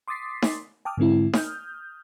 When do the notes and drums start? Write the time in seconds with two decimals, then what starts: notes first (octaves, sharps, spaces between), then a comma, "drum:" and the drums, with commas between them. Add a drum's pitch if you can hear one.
0.08 C6 D6 D#6 A6 B6 C7
0.42 drum: snare D#4
0.85 G5 A5 D6 D#6 F6
0.98 G#2 D3 G#3 C4 E4
1.33 D#6 F6 G6, drum: snare D#4